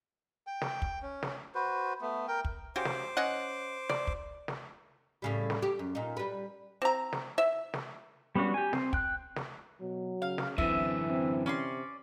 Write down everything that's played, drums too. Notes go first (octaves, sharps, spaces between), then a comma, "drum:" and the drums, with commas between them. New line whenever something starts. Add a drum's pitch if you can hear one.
G5
drum: snare
drum: kick
C#4
drum: snare
F#4 B4 C5
A3 B3
A#4 G5
drum: kick
C#3 F#4 G4 C5 D6
drum: snare
C#4 D#5 F#5
D5, drum: snare
drum: kick
drum: snare
A2 C#3 G3
drum: snare
G4
F#2
A#2 D#4
G3 B4
C4 A#5
drum: snare
E5
drum: snare
G3 B3 C#4 D4 F#4
G4 G#5
C4, drum: snare
G5 F#6, drum: kick
drum: snare
B2 F#3
C#3 F5
drum: snare
F#2 D3 E3 C4 E5, drum: kick
C4
C3 C#4 D5 C6